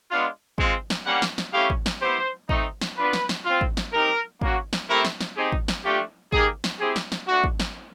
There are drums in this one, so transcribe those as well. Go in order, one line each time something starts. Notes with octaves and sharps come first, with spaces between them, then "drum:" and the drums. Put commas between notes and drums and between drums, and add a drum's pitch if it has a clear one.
G#3 B3 D4 F4
G#3 C4 F4, drum: kick
drum: snare
G3 A#3 C#4 F#5
drum: snare
drum: snare
A3 C#4 E4 G4 F5
drum: kick
drum: snare
B3 E4 G4 C5
A3 C4 D#4, drum: kick
drum: snare
B3 D4 F4 B4
drum: snare
drum: snare
C4 F4
drum: kick
drum: snare
C4 D#4 G4 A#4
A#3 C#4 F#4, drum: kick
drum: snare
A3 C4 E4 G4 A#4
drum: snare
drum: snare
C4 D#4 G4 G#4
drum: kick
drum: snare
A3 D4 F4 G4
A#3 D#4 G4 G#4, drum: kick
drum: snare
C4 E4 G4 G#4
drum: snare
drum: snare
A3 D4 F#4
drum: kick
drum: snare